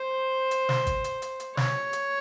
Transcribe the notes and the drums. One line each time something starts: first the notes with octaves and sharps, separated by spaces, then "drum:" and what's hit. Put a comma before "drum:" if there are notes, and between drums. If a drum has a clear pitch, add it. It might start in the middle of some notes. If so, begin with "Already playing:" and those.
Already playing: C5
drum: hi-hat
drum: snare
drum: kick, hi-hat
drum: hi-hat
drum: hi-hat
drum: hi-hat
C#5, drum: snare
drum: hi-hat